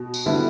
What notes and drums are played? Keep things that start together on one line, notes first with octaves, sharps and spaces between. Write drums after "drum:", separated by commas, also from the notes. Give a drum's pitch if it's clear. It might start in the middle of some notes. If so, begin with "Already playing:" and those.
Already playing: B2
drum: tambourine
D3 G3 B3 E4